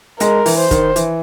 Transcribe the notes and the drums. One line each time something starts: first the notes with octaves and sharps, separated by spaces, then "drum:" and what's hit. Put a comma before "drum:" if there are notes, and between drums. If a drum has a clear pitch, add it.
G#3 A#4, drum: hi-hat
E3, drum: open hi-hat
C5
D#3, drum: kick, hi-hat
E3, drum: hi-hat